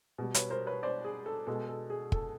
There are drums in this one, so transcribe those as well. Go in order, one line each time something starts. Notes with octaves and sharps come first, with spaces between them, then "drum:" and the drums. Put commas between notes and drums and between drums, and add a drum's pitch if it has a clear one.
B2 G3
B4 C#5, drum: hi-hat
A#4 C5
B4 C#5
C5 D5
G#4
A4
B2 G#3 A4
A4
G#4
A4, drum: kick